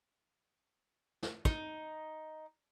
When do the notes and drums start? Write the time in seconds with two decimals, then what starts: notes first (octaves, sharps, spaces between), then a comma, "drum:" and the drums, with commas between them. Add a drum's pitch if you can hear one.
1.23 drum: snare
1.45 D#4, drum: kick